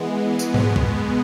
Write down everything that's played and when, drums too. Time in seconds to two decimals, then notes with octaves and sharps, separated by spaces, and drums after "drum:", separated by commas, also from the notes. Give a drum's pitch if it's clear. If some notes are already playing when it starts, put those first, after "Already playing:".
Already playing: E3 G#3 B3
0.39 drum: tambourine
0.54 B2 G#3 B3, drum: tom G#2
0.76 drum: kick